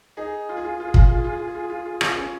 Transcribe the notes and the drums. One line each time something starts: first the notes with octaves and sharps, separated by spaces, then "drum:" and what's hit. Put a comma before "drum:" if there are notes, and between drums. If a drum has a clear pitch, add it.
D#4 G#4
F4
G#4
F4
G#4
F4
G#4
F4, drum: kick
G#4
F4
G#4
F4
G#4
F4
G#4
F4
G#4
F4
G#4
F4
G#4
F4, drum: rim click
G#4
C#4 F4